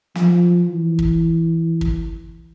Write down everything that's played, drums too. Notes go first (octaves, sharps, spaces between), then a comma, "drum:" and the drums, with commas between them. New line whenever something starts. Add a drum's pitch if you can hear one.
F3, drum: snare
E3
drum: kick
drum: kick